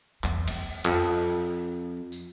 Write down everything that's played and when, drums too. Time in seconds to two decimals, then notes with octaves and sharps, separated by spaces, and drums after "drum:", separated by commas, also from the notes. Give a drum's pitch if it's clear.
0.24 E2, drum: clap
0.48 E2, drum: cymbal
0.84 F2, drum: cymbal
2.12 drum: tambourine